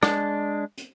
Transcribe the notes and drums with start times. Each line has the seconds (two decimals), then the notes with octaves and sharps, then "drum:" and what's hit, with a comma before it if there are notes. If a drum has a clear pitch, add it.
0.03 G#3 D4, drum: rim click
0.78 drum: hi-hat